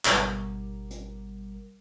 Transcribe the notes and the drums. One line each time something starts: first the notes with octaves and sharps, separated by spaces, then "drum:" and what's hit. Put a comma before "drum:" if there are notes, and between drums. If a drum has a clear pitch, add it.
G#1 B2 G3 A#4, drum: clap
drum: hi-hat